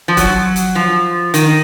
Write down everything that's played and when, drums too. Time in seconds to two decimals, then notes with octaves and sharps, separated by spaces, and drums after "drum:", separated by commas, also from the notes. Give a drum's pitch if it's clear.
0.08 F3
0.17 F#3, drum: kick, hi-hat
0.56 drum: hi-hat
0.75 F3
1.34 D#3, drum: hi-hat